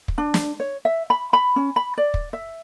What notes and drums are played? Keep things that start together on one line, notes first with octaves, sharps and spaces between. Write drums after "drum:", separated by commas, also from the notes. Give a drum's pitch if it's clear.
drum: kick
D4
drum: snare
C#5
E5
B5
B5
C#4
B5
D5
drum: kick
E5